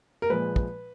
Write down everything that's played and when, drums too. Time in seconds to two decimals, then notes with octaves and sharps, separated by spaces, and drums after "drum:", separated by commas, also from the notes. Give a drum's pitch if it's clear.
0.22 A#4
0.29 A#2 F3 G#3 B4
0.56 drum: kick